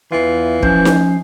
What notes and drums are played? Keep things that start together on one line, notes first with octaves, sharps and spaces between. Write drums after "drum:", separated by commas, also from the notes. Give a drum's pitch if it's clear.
E2 E3 F4
F3 C#4 C5, drum: kick
drum: snare D#4